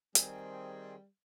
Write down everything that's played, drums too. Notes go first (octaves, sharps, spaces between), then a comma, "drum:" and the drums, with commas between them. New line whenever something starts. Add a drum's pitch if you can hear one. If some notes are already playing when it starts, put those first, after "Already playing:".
D#3 G3 C4 G#4, drum: hi-hat